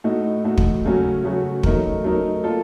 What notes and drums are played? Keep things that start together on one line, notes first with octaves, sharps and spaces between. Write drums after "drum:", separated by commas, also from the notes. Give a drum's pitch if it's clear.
A2 A3 D#4 F#4
A2 A3 D#4 F#4
drum: kick
C#3 F#3 A3 C#4 F#4
C#3 F#3 A3 C#4 F#4
F#3 A3 D#4 A#4, drum: kick
F#3 A3 D#4 A#4
A#3 F4 A4